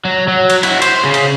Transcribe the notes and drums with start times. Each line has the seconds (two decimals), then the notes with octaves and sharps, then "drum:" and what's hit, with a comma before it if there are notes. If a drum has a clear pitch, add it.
0.05 F#3
0.28 F#3
0.50 drum: cymbal
0.63 E4 F#4, drum: cymbal
0.82 C5, drum: cymbal
1.04 C#3
1.14 drum: cymbal